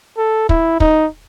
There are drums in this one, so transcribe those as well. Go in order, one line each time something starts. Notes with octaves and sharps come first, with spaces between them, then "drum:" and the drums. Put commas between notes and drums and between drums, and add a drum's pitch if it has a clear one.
A4
E4, drum: kick
D#4, drum: kick